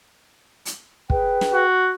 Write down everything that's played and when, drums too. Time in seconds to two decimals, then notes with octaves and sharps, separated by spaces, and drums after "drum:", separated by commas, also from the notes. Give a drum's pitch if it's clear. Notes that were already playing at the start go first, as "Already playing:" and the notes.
0.65 drum: hi-hat
1.10 G#4 B4 G5, drum: kick
1.41 drum: snare
1.53 F#4